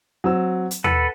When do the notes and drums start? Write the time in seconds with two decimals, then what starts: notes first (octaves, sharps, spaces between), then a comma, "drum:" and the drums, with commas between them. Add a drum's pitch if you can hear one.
0.24 F#3 C4 E6
0.71 drum: hi-hat
0.84 A4 B4 F#5 E6, drum: tom D#2